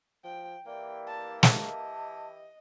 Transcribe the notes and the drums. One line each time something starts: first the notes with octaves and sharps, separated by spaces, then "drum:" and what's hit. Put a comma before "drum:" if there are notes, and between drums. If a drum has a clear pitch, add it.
F3 G5
E3 A#3 E4 G4 D5 G5
A5
D#5 A5, drum: snare